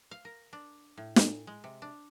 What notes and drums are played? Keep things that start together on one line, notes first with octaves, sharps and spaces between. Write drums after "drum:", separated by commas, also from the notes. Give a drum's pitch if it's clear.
F5
A#4
D4
A2
drum: snare
G#3
C3
D4